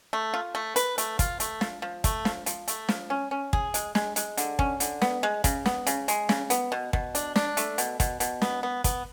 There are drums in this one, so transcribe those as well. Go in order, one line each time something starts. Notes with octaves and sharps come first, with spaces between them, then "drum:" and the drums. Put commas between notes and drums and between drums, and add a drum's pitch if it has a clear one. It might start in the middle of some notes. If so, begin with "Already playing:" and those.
A3
F4
A3
B4, drum: hi-hat
A3, drum: hi-hat
F4, drum: kick, hi-hat
A3, drum: hi-hat
F3, drum: snare
F3
A3, drum: kick, hi-hat
F3, drum: snare
F3, drum: hi-hat
A3, drum: hi-hat
F3, drum: snare
C#4
C#4
G#4, drum: kick
G#3, drum: hi-hat
G#3, drum: snare
G#3, drum: hi-hat
D3, drum: hi-hat
C#4, drum: kick
D3, drum: hi-hat
B3, drum: snare
G#3
C#3, drum: kick, hi-hat
B3, drum: snare
C#3, drum: hi-hat
G#3, drum: hi-hat
C#3, drum: snare
B3, drum: hi-hat
B2
B2, drum: kick
D4, drum: hi-hat
D4, drum: snare
A3, drum: hi-hat
B2, drum: hi-hat
B2, drum: kick, hi-hat
B2, drum: hi-hat
B3, drum: snare
B3
B3, drum: kick, hi-hat